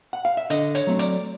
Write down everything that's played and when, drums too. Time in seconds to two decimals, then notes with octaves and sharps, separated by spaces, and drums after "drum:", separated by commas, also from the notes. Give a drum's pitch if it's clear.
0.13 F#5
0.25 F5
0.37 E5
0.50 D3 D#5, drum: hi-hat
0.75 C#5, drum: hi-hat
0.87 F#3 A3 C4
0.99 D5, drum: hi-hat